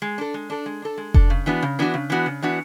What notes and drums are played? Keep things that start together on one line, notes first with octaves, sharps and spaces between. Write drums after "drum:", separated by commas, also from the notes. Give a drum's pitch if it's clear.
G#3
D4 A4
G#3
D4 A4
G#3
D4 A4
G#3
D4 A4, drum: kick F1
C#3
E3 B3 D4 F#4
C#3
E3 B3 D4 F#4
C#3
E3 B3 D4 F#4
C#3
E3 B3 D4 F#4